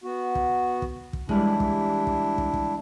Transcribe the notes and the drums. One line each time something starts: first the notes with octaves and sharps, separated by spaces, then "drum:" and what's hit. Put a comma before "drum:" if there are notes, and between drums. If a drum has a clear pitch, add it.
B3 F#4
drum: kick
drum: kick
drum: kick
E3 G3 G#3 D4 E4, drum: kick
drum: kick
drum: kick
drum: kick
drum: kick